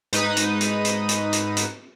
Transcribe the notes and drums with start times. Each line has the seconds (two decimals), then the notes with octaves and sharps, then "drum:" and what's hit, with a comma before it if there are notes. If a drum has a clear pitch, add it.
0.13 G#2 D#4 B4 D#6, drum: hi-hat
0.37 drum: hi-hat
0.61 drum: hi-hat
0.85 drum: hi-hat
1.09 drum: hi-hat
1.33 drum: hi-hat
1.57 drum: hi-hat